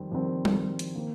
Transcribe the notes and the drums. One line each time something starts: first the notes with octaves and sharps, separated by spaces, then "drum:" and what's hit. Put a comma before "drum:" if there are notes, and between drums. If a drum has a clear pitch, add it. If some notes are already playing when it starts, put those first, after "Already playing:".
Already playing: F2 D#3 G3 C4
F2 D#3 G3 C4
drum: tom G3
drum: hi-hat
D#3 A#3